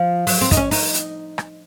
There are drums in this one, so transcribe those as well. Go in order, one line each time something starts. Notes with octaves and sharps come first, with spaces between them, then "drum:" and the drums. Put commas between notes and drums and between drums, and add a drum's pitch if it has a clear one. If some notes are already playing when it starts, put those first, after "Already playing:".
Already playing: F3
F#3, drum: open hi-hat
C4
D#4, drum: kick, hi-hat
C#4
D#4, drum: open hi-hat
drum: hi-hat
drum: rim click